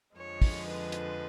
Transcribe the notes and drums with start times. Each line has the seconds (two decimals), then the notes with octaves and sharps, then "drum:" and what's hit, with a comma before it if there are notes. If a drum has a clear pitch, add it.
0.16 F2 D3 F3 G#3 C#5
0.42 drum: kick, open hi-hat
0.66 B4
0.92 drum: hi-hat